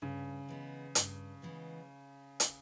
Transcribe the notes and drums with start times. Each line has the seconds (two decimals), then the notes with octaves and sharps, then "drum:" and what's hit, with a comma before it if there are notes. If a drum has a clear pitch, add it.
0.02 G2 C#3
0.49 E3 G#3 B3
0.95 G2, drum: hi-hat
1.42 E3 G#3 B3
2.40 drum: hi-hat